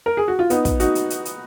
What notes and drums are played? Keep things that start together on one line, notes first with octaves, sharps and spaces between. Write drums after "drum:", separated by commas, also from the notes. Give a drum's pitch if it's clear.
A#4
G#4
F#4
F4
B3 D#4, drum: hi-hat
drum: kick, hi-hat
D#4 F#4, drum: hi-hat
drum: hi-hat
drum: hi-hat
drum: hi-hat